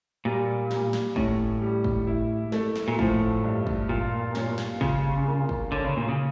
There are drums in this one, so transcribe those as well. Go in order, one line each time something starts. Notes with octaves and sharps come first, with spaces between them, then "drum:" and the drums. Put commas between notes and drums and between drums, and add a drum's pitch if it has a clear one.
A#2 G3
G3, drum: snare
drum: snare
A2 C#4, drum: kick
G3
drum: kick
E4
A3, drum: snare
drum: snare
A#2
A2 F3, drum: kick
G2
drum: kick
A#2 F4
C#4, drum: snare
drum: snare
C#3 F4, drum: kick
A#3
drum: kick
D3 C#4
C#3
A#2
C#3